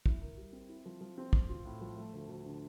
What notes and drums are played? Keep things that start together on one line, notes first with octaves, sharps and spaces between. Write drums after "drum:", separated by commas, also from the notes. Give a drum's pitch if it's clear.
E4, drum: kick
A#4
G3
C4
E4
F3
F3
C4
C4, drum: kick
F4
A2
F3
A3
D2
D2
D3